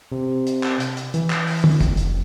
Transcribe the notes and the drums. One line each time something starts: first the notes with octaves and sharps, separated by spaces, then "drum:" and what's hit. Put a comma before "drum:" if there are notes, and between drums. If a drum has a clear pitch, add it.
C3
drum: hi-hat
drum: clap
drum: hi-hat
drum: hi-hat
E3, drum: hi-hat
drum: clap
drum: open hi-hat
drum: tom
F1, drum: kick, hi-hat
drum: hi-hat